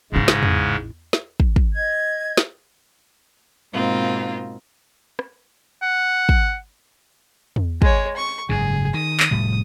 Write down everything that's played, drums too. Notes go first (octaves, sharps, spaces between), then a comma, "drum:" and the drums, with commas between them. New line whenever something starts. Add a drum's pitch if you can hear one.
A1 G#2 C#3 G#3 E4
drum: snare
drum: tom E2
drum: snare
drum: kick
drum: kick
D#5 G#6
drum: snare
G#2 B2 A#3 C4 D#4 F4
drum: rim click
F#5
drum: kick
drum: tom E2
G#3 C#5, drum: kick
C#6
F#1 G#2 C#3 G#4
D#3 D#6
drum: clap
F1 A2 G3